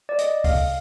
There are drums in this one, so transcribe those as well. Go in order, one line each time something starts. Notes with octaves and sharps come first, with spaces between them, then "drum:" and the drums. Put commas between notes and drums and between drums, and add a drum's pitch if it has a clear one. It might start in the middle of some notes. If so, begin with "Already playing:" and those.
D5
D#5, drum: hi-hat
F5, drum: kick C#2, open hi-hat